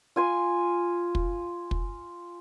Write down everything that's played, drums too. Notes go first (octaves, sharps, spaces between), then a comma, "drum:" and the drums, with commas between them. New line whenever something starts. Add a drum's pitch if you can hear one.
F4 G#5 C6
drum: kick
drum: kick